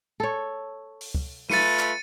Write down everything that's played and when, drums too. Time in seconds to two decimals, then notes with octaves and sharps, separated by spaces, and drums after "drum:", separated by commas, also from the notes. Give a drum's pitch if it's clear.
0.20 A4 C#5
1.01 drum: open hi-hat
1.15 drum: kick
1.50 A3 F4 B4 A6 C#7 D#7, drum: snare
1.79 drum: clap